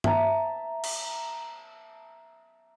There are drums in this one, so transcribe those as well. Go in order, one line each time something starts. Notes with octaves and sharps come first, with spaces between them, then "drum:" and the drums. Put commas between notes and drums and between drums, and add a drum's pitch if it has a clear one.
E5 A5 A#5, drum: tom
drum: cymbal